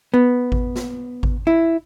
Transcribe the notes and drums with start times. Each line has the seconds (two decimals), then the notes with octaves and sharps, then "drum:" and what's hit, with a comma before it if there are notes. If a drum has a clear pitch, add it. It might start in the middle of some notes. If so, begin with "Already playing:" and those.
0.14 B3
0.52 drum: kick G#1
0.76 drum: snare
1.23 drum: kick G#1
1.47 E4